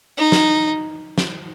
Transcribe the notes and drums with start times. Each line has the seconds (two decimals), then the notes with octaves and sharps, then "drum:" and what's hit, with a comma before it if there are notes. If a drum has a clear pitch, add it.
0.18 D#4
0.32 drum: snare
1.18 drum: snare